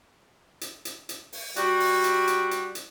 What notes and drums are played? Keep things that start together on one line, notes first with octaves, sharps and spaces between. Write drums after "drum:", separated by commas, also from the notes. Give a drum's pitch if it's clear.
drum: hi-hat
drum: hi-hat
drum: hi-hat
drum: open hi-hat
G3 F#4, drum: hi-hat
drum: open hi-hat
drum: hi-hat
drum: hi-hat
drum: hi-hat
drum: hi-hat